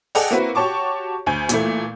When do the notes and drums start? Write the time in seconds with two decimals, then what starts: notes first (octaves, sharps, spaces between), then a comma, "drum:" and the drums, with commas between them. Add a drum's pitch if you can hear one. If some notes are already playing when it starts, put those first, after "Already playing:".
0.15 G#4 A4 D5 D#5 F#5 G5, drum: open hi-hat
0.31 A#3 C4 E4 F#4 B4
0.55 F#4 G4 C#5 A5 C#6 D6
1.26 D2 G#5 G6
1.49 A#2 E3 A3, drum: hi-hat